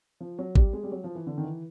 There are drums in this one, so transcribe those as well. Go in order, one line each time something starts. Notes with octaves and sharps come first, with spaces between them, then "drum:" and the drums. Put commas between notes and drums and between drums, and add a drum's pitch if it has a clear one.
F3
F#3
G3, drum: kick
G#3
G3
F#3
F3
E3
D3
D#3
E3